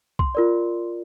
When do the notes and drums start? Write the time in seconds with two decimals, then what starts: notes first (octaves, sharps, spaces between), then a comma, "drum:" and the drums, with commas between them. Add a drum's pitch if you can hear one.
0.19 C6, drum: kick B1
0.35 F4 A#4 D5